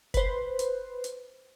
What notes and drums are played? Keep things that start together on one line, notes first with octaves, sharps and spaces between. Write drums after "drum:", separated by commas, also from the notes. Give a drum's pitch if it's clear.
B4 C5, drum: kick F1, hi-hat
drum: hi-hat
drum: hi-hat